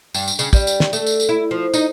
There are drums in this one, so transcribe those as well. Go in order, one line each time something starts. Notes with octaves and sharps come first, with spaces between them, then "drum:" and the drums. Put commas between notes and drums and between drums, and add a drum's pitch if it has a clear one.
G2, drum: tambourine
drum: tambourine
C#3, drum: tambourine
G3, drum: kick, tambourine
drum: tambourine
drum: snare
A3, drum: tambourine
drum: tambourine
drum: tambourine
E4
F3
D#4, drum: tambourine